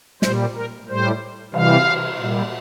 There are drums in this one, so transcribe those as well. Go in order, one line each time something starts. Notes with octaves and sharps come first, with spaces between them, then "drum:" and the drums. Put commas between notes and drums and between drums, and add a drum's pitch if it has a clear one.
A#2 G3 C5, drum: snare
A#4
A2 G3 C5
C3 E3 G3 F5, drum: cymbal
A#2 G3